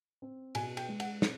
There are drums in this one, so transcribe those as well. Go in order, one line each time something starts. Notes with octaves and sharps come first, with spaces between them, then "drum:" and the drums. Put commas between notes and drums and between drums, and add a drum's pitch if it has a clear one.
C4
B2 G#5, drum: cymbal
G5, drum: cymbal
G#3
F#5, drum: cymbal
C4, drum: snare